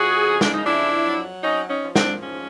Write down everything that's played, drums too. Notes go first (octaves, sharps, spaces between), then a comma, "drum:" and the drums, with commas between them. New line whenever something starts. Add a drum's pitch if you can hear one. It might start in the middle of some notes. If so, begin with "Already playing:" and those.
Already playing: F2 F#4 G#4
C#3
D4, drum: snare
D#4
F2 D4 E4
F#3
C4 C#4 D#4
C#4 D#4
F3
C4 D4, drum: snare
G#2 C#4